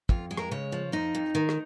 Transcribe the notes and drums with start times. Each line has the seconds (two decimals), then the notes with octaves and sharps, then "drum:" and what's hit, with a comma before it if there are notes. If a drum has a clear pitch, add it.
0.09 F2 F4, drum: kick
0.31 G#3
0.37 A#4, drum: rim click
0.51 C#3 C#5
0.72 F3
0.92 F2 D#4
1.15 F2
1.35 D#3
1.49 drum: rim click